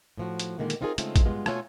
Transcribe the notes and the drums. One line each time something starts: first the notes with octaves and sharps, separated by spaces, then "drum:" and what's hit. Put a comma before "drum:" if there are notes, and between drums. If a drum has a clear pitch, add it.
A2 F3 F#4
drum: hi-hat
A#2 D3 D#3 G#3 A#3
drum: hi-hat
C4 D#4 F4 F#4 G#4 A#4
C#3 G#3 A3 C4 D#4 F4, drum: hi-hat
drum: kick, hi-hat
G2 G#3 B3 F4
B2 A3 F4 A4 C#5 G#5, drum: rim click